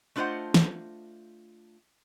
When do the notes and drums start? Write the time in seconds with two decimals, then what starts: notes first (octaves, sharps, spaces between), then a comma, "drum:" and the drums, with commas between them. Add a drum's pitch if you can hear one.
0.16 A3 D4 F4 C5 D#5 F#5
0.54 drum: snare